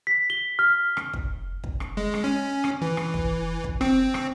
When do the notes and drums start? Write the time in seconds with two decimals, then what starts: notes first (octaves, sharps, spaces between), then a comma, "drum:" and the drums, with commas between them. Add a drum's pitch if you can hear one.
0.07 B6
0.30 G7
0.59 F6
0.97 drum: rim click
1.13 drum: kick
1.64 drum: kick
1.80 drum: rim click
1.97 G#3
2.14 drum: rim click
2.24 C#4
2.64 drum: rim click
2.82 E3
2.97 drum: rim click
3.14 drum: kick
3.64 drum: kick
3.81 C4, drum: rim click
4.14 drum: rim click